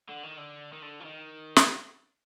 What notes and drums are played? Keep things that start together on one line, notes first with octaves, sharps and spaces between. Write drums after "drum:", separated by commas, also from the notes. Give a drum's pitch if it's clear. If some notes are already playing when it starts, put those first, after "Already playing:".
D3
D#3
D3
D#3
D3
F3
D#3
drum: snare